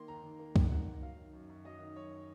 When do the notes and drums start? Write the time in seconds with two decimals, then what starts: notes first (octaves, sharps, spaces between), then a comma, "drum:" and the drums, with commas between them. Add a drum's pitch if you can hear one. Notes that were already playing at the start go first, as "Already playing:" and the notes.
Already playing: D#3 A#3 C6
0.08 D#2 A#5
0.23 D#2
0.39 A#3
0.56 D#3, drum: kick C2
0.71 D#2 F#5
0.86 D#2
1.01 F#3 F5
1.18 D#3
1.33 F#2
1.50 F#2
1.65 F#3 D#5
1.80 D#3
1.96 F#2 C#5